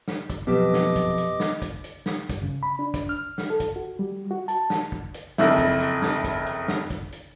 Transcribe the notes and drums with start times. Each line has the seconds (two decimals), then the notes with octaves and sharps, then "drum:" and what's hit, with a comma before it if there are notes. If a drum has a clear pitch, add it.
0.08 drum: snare
0.30 drum: kick, hi-hat
0.47 F2 B2 F#3 B3 G4 B4 D#5 D6
0.74 drum: snare
0.96 drum: kick, hi-hat
1.18 drum: hi-hat
1.40 drum: snare
1.62 drum: kick, hi-hat
1.84 drum: hi-hat
2.06 drum: snare
2.30 G2, drum: kick, hi-hat
2.43 C#3
2.63 B5
2.79 D4
2.94 drum: kick, hi-hat
3.09 F6
3.38 drum: snare
3.50 A4
3.60 drum: kick, hi-hat
3.76 F#4
3.99 G3
4.31 F#4
4.48 A5, drum: hi-hat
4.70 drum: snare
4.92 drum: kick
5.14 drum: hi-hat
5.38 F#1 F2 E4, drum: snare
5.58 drum: kick, hi-hat
5.80 drum: hi-hat
6.02 drum: snare
6.24 drum: kick, hi-hat
6.46 drum: hi-hat
6.68 drum: snare
6.90 drum: kick, hi-hat
7.12 drum: hi-hat